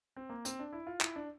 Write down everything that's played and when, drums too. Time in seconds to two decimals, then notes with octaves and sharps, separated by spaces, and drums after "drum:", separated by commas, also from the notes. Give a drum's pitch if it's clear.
0.16 C4
0.30 A#3
0.45 C4, drum: hi-hat
0.59 D4
0.73 E4
0.87 F4
1.01 E4, drum: clap
1.16 D4